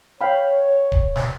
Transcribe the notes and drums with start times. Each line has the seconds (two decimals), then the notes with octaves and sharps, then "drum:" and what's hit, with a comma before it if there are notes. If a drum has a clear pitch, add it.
0.21 C#5 F5 G5 B5
0.92 drum: kick D1
1.16 drum: snare